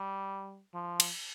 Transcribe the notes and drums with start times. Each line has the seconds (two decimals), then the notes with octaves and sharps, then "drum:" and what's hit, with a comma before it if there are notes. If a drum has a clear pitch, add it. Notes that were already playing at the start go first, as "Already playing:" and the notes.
Already playing: G3
0.74 F3
1.00 drum: cymbal